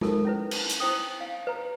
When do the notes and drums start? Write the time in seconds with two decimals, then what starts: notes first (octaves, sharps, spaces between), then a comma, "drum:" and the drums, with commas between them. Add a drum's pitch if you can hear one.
0.01 D#4 A4 A#4, drum: tom G#3
0.25 C#4 E4 B4
0.51 drum: cymbal
0.70 drum: hi-hat
0.80 E4 C5 G5 D#6
1.21 F5
1.47 B4 A#5